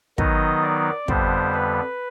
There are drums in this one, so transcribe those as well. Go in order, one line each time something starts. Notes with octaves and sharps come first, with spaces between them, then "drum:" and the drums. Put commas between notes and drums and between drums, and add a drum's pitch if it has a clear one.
D#3 F#3 B3 D#4 D#5, drum: kick
D5
F2 D3 G3 B3 C5, drum: kick
B4